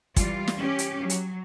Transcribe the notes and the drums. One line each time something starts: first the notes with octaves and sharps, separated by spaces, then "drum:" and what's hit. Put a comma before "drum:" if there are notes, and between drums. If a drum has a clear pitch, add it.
E3 G3 F4, drum: kick, hi-hat
drum: snare
C#4 G4
drum: hi-hat
F#3
drum: hi-hat